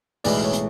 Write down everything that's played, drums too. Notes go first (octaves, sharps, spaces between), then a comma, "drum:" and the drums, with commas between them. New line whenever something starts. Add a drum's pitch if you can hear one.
B1 A2 E3 G#3 B3 D5, drum: open hi-hat
C#5
drum: hi-hat